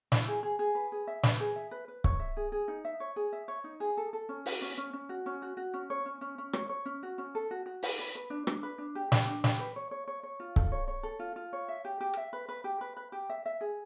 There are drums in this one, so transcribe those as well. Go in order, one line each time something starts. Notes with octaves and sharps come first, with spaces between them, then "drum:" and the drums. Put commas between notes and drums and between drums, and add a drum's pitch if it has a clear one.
E4, drum: snare
G#4
G#4
G#4
B4
G#4
E5
B4, drum: snare
G#4
E5
B4
B4
C#5, drum: kick C#1
E5
G#4
G#4
D#4
E5
C#5
G#4
E5
C#5
D#4
G#4
A4
A4
C#4
F#4, drum: open hi-hat
C#4
C#4
C#4
F#4
C#4
F#4
F#4
C#4
C#5
C#4
C#4
C#4
C#5, drum: rim click
C#5
C#4
F#4
C#4
A4
F#4
F#4
B4, drum: open hi-hat
B4
B4
D4
D4, drum: rim click
B4
D4
G4
G4, drum: snare
D4
G4, drum: snare
B4
C#5
C#5
C#5
C#5
F4
A4, drum: kick C#1
C#5
C#5
A4
F4
F4
C#5
E5
G4
G4
E5
B4
B4
G4
B4
B4
G4
E5
E5
G#4